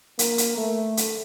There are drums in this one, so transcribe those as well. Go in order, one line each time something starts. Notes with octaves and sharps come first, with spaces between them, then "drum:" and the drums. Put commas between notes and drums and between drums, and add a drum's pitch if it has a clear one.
A#3, drum: hi-hat
drum: hi-hat
A3
drum: hi-hat